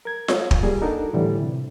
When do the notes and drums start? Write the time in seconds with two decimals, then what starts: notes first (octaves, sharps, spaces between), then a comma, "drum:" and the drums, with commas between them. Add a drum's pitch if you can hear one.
0.05 A#4 G#6
0.28 C#5, drum: snare F4
0.51 drum: kick
0.63 G3 A#3 G#4
0.82 D4 D#4 F#4 A4 A#4
1.13 A2 D3 E3 F3 G3
1.42 C3